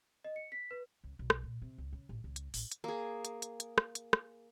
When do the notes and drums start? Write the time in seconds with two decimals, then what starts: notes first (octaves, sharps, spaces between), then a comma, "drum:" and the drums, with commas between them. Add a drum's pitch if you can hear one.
0.24 D#5
0.36 C#7
0.52 B6
0.71 B4
1.04 C#2
1.19 B1
1.30 drum: rim click
1.43 A#2
1.62 C3
1.78 C#2
1.93 C#3
2.09 A1
2.24 C#2
2.36 drum: hi-hat
2.54 A1, drum: open hi-hat
2.72 drum: hi-hat
2.84 A#3 G#4
3.25 drum: hi-hat
3.42 drum: hi-hat
3.60 drum: hi-hat
3.78 drum: rim click
3.95 drum: hi-hat
4.13 drum: rim click